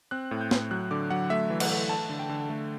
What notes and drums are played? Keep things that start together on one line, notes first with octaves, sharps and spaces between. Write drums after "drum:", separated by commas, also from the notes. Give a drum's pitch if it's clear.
C4 F#6
A2
G6
A2, drum: snare
F#3 F#6
D3 D6
F#3 F#5
A3 E5
E3
F#5, drum: cymbal
A3
A3 A5
D3
G5
D3
A3